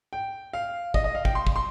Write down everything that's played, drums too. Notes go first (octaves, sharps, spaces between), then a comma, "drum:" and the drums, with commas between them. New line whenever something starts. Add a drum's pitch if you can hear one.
G5
F5
D#5, drum: kick
D#5
F5
G5, drum: kick
C6
drum: kick
C6